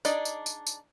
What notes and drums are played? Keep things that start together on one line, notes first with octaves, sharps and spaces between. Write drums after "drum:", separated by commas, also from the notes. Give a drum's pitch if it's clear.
D4 D#4 G#4 D5 D#5, drum: tambourine
drum: tambourine
drum: tambourine
drum: tambourine